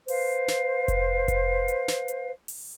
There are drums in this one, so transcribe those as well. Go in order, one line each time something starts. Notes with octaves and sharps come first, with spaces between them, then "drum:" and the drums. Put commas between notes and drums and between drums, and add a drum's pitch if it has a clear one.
B4 C5 F5, drum: open hi-hat
drum: snare
drum: kick F1, hi-hat
drum: kick F1, hi-hat
drum: hi-hat
drum: snare
drum: hi-hat
drum: open hi-hat